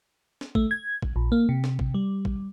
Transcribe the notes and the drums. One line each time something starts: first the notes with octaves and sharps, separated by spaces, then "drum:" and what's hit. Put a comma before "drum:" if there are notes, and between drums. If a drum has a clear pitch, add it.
drum: snare
A3, drum: kick
G#6
drum: kick
A#1
A#3
C3
drum: snare
drum: kick
G3
drum: kick